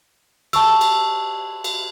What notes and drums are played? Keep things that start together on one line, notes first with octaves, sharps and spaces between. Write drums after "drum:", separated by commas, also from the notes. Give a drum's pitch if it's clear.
A5 C#6 E6, drum: cymbal
drum: cymbal
drum: cymbal